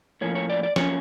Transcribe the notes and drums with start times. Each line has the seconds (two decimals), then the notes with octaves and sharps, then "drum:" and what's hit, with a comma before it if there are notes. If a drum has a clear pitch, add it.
0.21 A2 F3 A#3 C#4 C#5
0.35 C#5
0.50 D5
0.63 D5
0.76 A2 F3 A#3 C#4 C#5, drum: snare